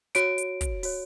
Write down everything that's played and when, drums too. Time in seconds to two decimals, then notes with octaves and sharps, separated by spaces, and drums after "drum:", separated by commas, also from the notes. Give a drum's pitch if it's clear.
0.15 F#4 C#5 D7, drum: hi-hat
0.38 drum: hi-hat
0.61 drum: kick, hi-hat
0.83 F#4 C#5, drum: open hi-hat